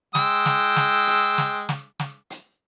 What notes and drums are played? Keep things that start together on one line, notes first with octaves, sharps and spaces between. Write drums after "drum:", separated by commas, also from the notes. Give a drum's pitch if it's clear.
G#3 G5 E6, drum: snare
drum: snare
drum: snare
drum: hi-hat
drum: snare
drum: snare
drum: snare
drum: hi-hat